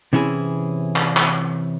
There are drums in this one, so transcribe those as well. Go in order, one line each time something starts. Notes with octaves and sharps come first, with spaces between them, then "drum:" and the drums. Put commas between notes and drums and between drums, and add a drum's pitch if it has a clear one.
C3 E3 C#4 E4 G#4
drum: clap
drum: clap